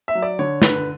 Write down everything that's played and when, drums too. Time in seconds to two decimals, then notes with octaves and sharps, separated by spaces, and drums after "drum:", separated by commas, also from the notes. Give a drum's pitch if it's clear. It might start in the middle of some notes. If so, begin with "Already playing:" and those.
0.08 E5
0.15 F#3
0.22 D5
0.39 D3 C#5
0.62 D3 B4, drum: snare